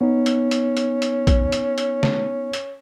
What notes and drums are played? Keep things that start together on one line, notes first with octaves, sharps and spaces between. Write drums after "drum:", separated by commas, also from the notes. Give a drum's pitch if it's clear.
B3 C#4 D#4
drum: hi-hat
drum: hi-hat
drum: hi-hat
drum: hi-hat
drum: kick, hi-hat
drum: hi-hat
drum: hi-hat
drum: snare
drum: hi-hat